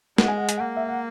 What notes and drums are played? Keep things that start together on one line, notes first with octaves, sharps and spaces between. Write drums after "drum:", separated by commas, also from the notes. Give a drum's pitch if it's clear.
G#3 F#5, drum: snare
G#5
F#5
G#5, drum: hi-hat
A#3 F#5
E5
F#5